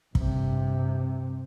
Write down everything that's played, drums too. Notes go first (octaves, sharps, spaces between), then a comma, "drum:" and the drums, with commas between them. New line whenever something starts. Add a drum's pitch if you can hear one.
G2 C3, drum: kick